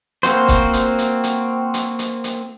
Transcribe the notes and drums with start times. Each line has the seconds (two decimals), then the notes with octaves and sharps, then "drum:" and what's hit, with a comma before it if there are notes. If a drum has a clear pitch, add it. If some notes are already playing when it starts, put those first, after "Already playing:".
0.23 A#3 C4 F#4 C5, drum: hi-hat
0.48 drum: kick C#1, hi-hat
0.73 drum: hi-hat
0.99 drum: hi-hat
1.24 drum: hi-hat
1.74 drum: hi-hat
1.99 drum: hi-hat
2.24 drum: hi-hat